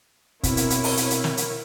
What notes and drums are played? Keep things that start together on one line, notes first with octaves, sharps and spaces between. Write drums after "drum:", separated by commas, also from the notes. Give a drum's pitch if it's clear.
B2 C4 E4 A#4 C#5, drum: kick, hi-hat
drum: hi-hat
drum: hi-hat
drum: open hi-hat
drum: hi-hat
drum: hi-hat
drum: snare
drum: hi-hat